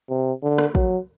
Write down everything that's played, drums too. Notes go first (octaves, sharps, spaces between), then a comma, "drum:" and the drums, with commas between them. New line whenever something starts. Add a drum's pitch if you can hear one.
C3
D3
drum: rim click
F#3, drum: kick A1